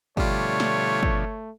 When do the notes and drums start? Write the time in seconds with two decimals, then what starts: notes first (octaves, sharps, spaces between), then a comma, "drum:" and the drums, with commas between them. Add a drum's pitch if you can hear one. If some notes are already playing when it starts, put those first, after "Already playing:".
0.17 B2 D3 F3 G3 A3 F4 C#5, drum: kick
0.60 drum: snare
1.03 drum: kick